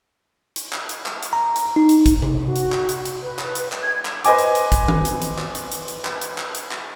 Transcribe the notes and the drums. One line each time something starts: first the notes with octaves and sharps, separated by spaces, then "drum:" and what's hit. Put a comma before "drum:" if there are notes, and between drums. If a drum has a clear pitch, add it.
drum: hi-hat
drum: clap
drum: hi-hat
drum: clap
drum: hi-hat
A#5
drum: hi-hat
D#4
drum: hi-hat
drum: kick, hi-hat
drum: tom C3
F#4
drum: hi-hat
drum: clap
drum: hi-hat
drum: hi-hat
B4
drum: clap
drum: hi-hat
drum: clap
G#6
drum: clap
B4 C5 D#5 G#5 D6, drum: hi-hat
drum: hi-hat
drum: hi-hat
drum: kick, hi-hat
drum: tom D#3
drum: hi-hat
drum: hi-hat
drum: clap
drum: hi-hat
drum: hi-hat
drum: hi-hat
drum: clap
drum: hi-hat
drum: clap
drum: hi-hat
drum: clap